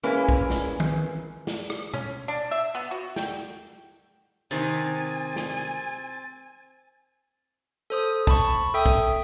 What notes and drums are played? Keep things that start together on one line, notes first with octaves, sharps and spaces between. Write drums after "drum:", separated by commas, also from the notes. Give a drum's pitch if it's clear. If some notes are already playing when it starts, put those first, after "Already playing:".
E3 G#3 A#3 C#4 A#4 B4
drum: kick
drum: snare
drum: tom
drum: snare
drum: rim click
C#4, drum: tom B2
D4
E5
B3
F#4
G5, drum: snare
C3 D#3 C4 G#5 A6, drum: hi-hat
drum: snare
A4 C5 D#6
A5 B5 C#6, drum: kick
A4 E5 G5 D#6
drum: kick